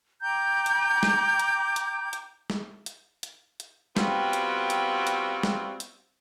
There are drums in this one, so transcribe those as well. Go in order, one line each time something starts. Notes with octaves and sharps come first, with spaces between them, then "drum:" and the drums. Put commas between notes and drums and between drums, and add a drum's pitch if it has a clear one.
G5 A#5 D6 G6
drum: hi-hat
drum: snare
drum: hi-hat
drum: hi-hat
drum: hi-hat
drum: snare
drum: hi-hat
drum: hi-hat
drum: hi-hat
G3 B3 C4 F4 F#4 G5, drum: snare
drum: hi-hat
drum: hi-hat
drum: hi-hat
drum: snare
drum: hi-hat